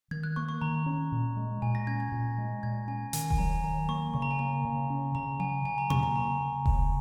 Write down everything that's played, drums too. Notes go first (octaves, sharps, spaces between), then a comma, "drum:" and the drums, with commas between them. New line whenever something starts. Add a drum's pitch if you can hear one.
D#3 G#6
F#6
A#3 C#6
C#6
D#3 A#5
C#4
A#2
G#3
A#2 G#5
A#6
C#4 G#6
G#6
A#2
G#3
A#2 G#6
C#4 G#5
D#3 G#5, drum: hi-hat
G#5, drum: kick E1
F#3 A#5
D#3 A#5
A#3 C#6
C#3 C#6
A#5
G#5
A#3 A#5
C#3
C#4
C#3 A#5
F#3 G#5
C#3 G#5
A#5
A#3 C#6, drum: tom B2
A#5
C#3 A#5
A#3
C#3, drum: kick E1